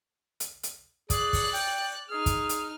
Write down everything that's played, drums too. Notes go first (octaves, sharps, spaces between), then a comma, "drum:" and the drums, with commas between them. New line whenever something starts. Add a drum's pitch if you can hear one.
drum: hi-hat
drum: hi-hat
G#4 D5 F#6, drum: kick, hi-hat
drum: kick, open hi-hat
G5, drum: open hi-hat
D#4 G#4 F6
drum: kick, hi-hat
drum: hi-hat